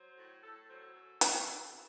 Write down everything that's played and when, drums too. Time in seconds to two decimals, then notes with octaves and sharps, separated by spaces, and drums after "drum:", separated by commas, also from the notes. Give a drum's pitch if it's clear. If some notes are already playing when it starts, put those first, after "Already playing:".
Already playing: F#3 C5
0.17 A2
0.43 A2 A4
0.68 F#3 C5
0.82 A4
0.95 F#2
1.21 F#2, drum: hi-hat
1.47 F#2
1.73 E3